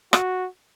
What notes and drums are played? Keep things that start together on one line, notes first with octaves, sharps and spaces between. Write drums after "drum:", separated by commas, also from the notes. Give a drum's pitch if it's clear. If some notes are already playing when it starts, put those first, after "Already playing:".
F#4, drum: rim click